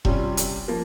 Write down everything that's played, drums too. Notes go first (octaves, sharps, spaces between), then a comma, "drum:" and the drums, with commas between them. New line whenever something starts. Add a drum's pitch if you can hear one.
C3 G3 C#4 F4, drum: kick E1
drum: hi-hat
F3 A#3